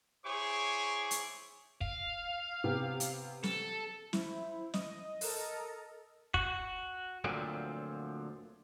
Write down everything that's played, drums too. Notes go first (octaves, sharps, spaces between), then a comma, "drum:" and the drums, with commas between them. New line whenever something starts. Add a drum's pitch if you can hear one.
E4 G#4 C5 C#5 C#6 D6
drum: hi-hat
F5, drum: kick
C3 B3 G4
drum: hi-hat
A4, drum: snare
E4 C5, drum: snare
D#5, drum: snare
A4 A#4, drum: open hi-hat
F#4, drum: kick
D2 A#2 D3 F3 F#3 C4